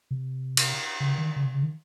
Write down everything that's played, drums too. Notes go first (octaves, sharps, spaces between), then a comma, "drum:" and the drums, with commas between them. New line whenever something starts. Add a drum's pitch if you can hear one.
C3
drum: cymbal
C#3
D#3
C#3
C3
C#3
D#3